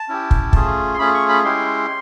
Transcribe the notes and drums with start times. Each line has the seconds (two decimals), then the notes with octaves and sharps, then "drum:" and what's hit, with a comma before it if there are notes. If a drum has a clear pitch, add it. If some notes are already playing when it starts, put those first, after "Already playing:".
Already playing: A5
0.08 C#4 E4 G4
0.31 drum: kick
0.53 A3 C#4 F4 G#4, drum: kick
0.94 C6
0.99 A3 C#4 F4 G#4 B5
1.14 C#6
1.29 B5
1.44 G#3 C#4 E4 G4 C6